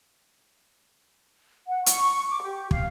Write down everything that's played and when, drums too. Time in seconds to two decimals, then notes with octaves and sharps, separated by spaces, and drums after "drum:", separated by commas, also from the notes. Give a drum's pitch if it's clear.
1.67 F#5
1.86 C#6, drum: hi-hat
2.28 D6
2.43 G4
2.71 F5, drum: kick